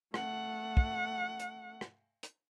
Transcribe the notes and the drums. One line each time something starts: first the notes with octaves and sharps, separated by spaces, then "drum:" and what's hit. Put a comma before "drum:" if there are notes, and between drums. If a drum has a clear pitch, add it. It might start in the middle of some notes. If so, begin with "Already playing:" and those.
A3 F#5, drum: rim click
drum: kick
drum: hi-hat
drum: rim click
drum: hi-hat